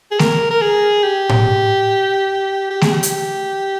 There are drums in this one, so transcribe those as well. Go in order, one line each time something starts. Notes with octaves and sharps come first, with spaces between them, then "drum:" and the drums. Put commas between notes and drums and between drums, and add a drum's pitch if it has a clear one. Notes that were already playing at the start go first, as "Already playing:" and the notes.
G#4
A#4, drum: snare A3
A#4
G#4
G4
drum: tom A2
G4
G#4, drum: snare A3
G4
drum: hi-hat